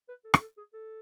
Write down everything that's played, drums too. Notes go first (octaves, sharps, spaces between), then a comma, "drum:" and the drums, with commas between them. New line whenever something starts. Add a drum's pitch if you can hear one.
B4
A4
G#4, drum: rim click
A4
G#4
A4